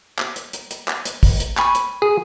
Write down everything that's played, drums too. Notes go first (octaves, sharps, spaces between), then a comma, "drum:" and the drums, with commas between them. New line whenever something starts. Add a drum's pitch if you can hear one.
drum: clap
drum: hi-hat
drum: hi-hat
drum: hi-hat
drum: clap
drum: hi-hat
drum: kick, open hi-hat
drum: hi-hat
G#5 B5 C#6, drum: clap
drum: hi-hat
G#4